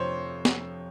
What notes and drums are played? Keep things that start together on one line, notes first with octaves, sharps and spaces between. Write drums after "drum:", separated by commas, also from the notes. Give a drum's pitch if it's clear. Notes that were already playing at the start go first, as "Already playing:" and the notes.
Already playing: F2 C3 F3 C5 C#5
drum: snare